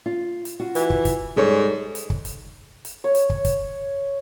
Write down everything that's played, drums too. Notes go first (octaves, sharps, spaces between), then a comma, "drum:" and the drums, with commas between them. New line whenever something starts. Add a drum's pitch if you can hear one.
F4
drum: hi-hat
F4 F#4
E3, drum: hi-hat
drum: kick
drum: kick, hi-hat
G#2 G3 A4 C#5
drum: hi-hat
drum: kick
drum: hi-hat
drum: hi-hat
C#5
drum: hi-hat
drum: kick
drum: kick, hi-hat